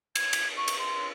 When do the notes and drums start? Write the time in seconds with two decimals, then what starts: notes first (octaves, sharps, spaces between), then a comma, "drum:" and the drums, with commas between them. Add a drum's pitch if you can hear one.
0.15 G#6, drum: cymbal
0.33 drum: cymbal
0.57 C#6
0.68 drum: cymbal
0.79 C6